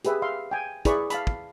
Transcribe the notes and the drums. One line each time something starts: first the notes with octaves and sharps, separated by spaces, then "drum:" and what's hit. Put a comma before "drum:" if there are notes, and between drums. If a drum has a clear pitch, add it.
G4 G#4 B4 E5, drum: hi-hat
E5 F5 C6
G5 G#5
E4 G#4 B4 D5 B5 C#6, drum: kick, hi-hat
F5 A5 B5, drum: hi-hat
drum: kick